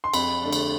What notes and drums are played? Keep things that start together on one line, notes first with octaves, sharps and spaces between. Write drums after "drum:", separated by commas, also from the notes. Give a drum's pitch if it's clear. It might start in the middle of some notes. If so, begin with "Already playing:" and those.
C6
F2 B5, drum: cymbal
D3 A3 D4
drum: cymbal